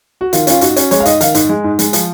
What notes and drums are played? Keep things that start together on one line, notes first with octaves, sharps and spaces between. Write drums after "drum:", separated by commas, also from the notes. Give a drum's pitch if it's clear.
F#4
D#3 F4, drum: hi-hat
C#4 F4, drum: hi-hat
G#2 F#4, drum: hi-hat
C#4, drum: hi-hat
G#3 C#5, drum: hi-hat
F5
G#2 D#5, drum: hi-hat
D#3 F5, drum: hi-hat
G#2, drum: hi-hat
G#3
G#2
G#3, drum: hi-hat
F3, drum: hi-hat